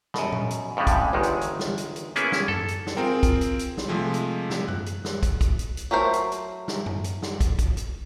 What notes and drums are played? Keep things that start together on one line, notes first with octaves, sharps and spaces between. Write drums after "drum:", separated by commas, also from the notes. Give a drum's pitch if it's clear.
F#2 B2, drum: snare
drum: tom A#2
drum: hi-hat
F2 A2 C#3 G3 G#3
drum: kick, hi-hat
G1 E2 D#3 G#3
drum: hi-hat
drum: hi-hat
drum: snare
drum: hi-hat
drum: hi-hat
A#3 B3 C#4 E4 G#4, drum: hi-hat
drum: snare
A4, drum: tom F#2
drum: hi-hat
drum: snare
C4 F4 G#4 A#4 G5
drum: kick, hi-hat
drum: hi-hat
drum: hi-hat
drum: snare
C3 F3 G#3 A3
drum: hi-hat
drum: snare
F#6, drum: tom F#2
drum: hi-hat
drum: snare
drum: kick, hi-hat
drum: kick, hi-hat
drum: hi-hat
drum: hi-hat
F#3 A3 A#4 C5
drum: hi-hat
drum: hi-hat
drum: snare
drum: tom F#2
drum: hi-hat
drum: snare
drum: kick, hi-hat
drum: kick, hi-hat
drum: hi-hat